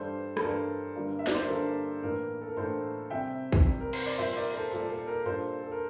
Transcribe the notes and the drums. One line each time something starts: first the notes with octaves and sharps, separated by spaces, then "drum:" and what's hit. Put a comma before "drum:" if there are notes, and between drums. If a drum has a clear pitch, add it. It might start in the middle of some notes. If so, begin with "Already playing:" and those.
Already playing: G2 E3 G3 D4 A4 C5
A4, drum: rim click
G2 E3 G3 D4 A#4
G2 D3 G3 A#3
E5
D5, drum: snare
C5
A#4
G2 D3 G3 A#3 A4
A2 E3 A#3 D4 A#4
A4
A#4
A2 E3 A#3 D4 A4 C5
C3 G3 C4 E5 G5
drum: kick
C3 G3 C4
A#4
C5, drum: cymbal
D5
A#2 G3 A#3 C5 E5
C5
A#4 D5
A4 C5
A#2 G3 A#3 A4, drum: hi-hat
A4
A#4
A#2 G3 D4 A4 C5
A4
A#4